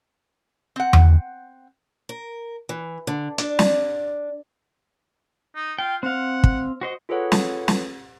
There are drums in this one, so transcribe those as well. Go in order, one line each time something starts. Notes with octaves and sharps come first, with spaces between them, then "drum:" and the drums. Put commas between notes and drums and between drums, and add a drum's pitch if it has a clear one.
C4 F#5
drum: tom E2
A#4
E3
D3
D4, drum: hi-hat
drum: snare
D#4
F4 G5
C4 F5 F#5
drum: kick
F#4 C5 D#5
F4 G#4 A4 B4 C#5 F#5
drum: snare
drum: snare